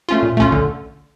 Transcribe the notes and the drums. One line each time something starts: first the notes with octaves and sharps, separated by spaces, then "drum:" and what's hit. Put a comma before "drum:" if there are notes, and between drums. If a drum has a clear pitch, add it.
A3 C#4 F4
A#2
A3 C#4 F4, drum: kick
D3, drum: kick